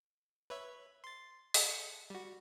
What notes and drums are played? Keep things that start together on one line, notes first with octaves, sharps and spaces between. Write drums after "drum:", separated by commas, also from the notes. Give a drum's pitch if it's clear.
B4 C#5 E5
C6 A6
G#4 A4 E5, drum: open hi-hat
C#7
G3 F#4